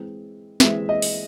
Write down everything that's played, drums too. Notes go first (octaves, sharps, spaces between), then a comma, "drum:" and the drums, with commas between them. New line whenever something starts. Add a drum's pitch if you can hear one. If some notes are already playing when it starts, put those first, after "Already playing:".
Already playing: E3 G#3 C4
E3 G#3 C4 E5, drum: snare
D#5
drum: open hi-hat